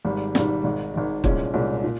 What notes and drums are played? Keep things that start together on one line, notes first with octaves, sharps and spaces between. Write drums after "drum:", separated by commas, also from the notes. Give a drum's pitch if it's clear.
G#1 G#2 G3
G#1 G#2 G3, drum: snare
G#1 G#2 D#3
G#1 G#2 D#3
C2 A#2 G#3 C#4, drum: kick
C2 A#2 G#3 C#4
A#2